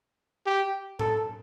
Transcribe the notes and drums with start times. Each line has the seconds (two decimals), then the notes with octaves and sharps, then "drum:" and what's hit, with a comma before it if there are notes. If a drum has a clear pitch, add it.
0.46 G4
0.99 A4, drum: tom A2